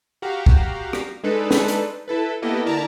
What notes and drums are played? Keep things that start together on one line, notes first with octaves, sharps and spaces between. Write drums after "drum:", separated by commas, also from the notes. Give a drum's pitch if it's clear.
F#4 G4 F5 A#5
drum: kick
drum: rim click
G#3 D4 D#4 A4 B4
drum: snare
drum: hi-hat
E4 A4 B4
A#3 B3 E4 G4 A4 D#5
D3 E4 A#4 D5 A5 A#5